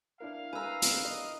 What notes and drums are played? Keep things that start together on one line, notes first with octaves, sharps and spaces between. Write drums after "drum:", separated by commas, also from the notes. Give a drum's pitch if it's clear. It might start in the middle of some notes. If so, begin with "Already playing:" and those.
D4 E4 A#4 F5
B4 G#5 A#5 E6
drum: hi-hat
D#5